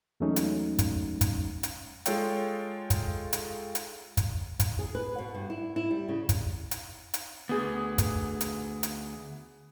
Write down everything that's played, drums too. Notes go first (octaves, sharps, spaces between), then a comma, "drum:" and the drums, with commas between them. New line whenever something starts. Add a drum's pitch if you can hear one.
E2 F#3 G#3 A3 C#4 D#4
drum: hi-hat
drum: kick, hi-hat
drum: kick, hi-hat
drum: hi-hat
G#3 F4 A4 C#5 F5 G5, drum: hi-hat
drum: kick, hi-hat
drum: hi-hat
drum: hi-hat
drum: kick, hi-hat
drum: kick, hi-hat
G#4
B4
B2
G2
E4
E4
G3
C#3
drum: kick, hi-hat
drum: hi-hat
drum: hi-hat
D2 B3 G#4
drum: kick, hi-hat
drum: hi-hat
drum: hi-hat